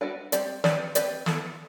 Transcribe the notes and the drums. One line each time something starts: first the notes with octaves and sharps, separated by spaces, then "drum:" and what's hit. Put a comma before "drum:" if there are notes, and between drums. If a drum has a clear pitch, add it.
G3 D4 F#4 B4 D5
G3 C4 G4 D5, drum: hi-hat
C4 G4 B4 D5, drum: snare
C4 G4 B4 D5, drum: hi-hat
B3 E4 A4, drum: snare